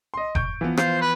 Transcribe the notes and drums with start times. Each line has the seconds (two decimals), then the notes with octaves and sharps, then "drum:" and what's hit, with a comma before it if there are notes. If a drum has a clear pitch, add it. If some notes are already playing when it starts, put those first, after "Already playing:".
0.14 D#5 C6
0.35 C#6 G6 D7, drum: kick F1
0.61 E3 F3 B3
0.77 F4 C5, drum: rim click
1.01 B4